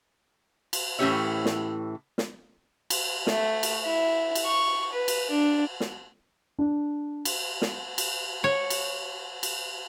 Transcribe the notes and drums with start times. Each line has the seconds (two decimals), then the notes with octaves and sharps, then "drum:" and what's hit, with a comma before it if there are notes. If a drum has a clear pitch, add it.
0.73 drum: cymbal
0.99 A2 E3 C#4 G4 C#5 E5
1.45 drum: snare
2.18 drum: snare
2.90 drum: cymbal
3.27 A3, drum: snare
3.63 drum: cymbal
3.84 E4
4.35 drum: cymbal
4.45 C#6
4.92 B4
5.08 drum: cymbal
5.30 D4
5.80 drum: snare
6.59 D4
7.25 drum: cymbal
7.62 drum: snare
7.98 drum: cymbal
8.44 C#5
8.70 drum: cymbal
9.43 drum: cymbal